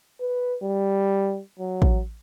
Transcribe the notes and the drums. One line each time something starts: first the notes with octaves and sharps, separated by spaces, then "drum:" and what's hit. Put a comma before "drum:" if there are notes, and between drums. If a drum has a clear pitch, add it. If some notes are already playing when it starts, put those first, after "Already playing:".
B4
G3
F#3
drum: kick A1